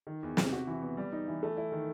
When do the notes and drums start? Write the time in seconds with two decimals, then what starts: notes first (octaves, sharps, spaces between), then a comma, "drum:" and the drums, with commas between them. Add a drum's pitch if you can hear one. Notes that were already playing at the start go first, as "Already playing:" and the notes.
0.07 D#3
0.23 E2
0.37 C3, drum: snare
0.53 F#4
0.67 E3
0.82 B3
0.97 G3
1.12 D#4
1.28 E3
1.43 A3
1.57 E4
1.72 D#3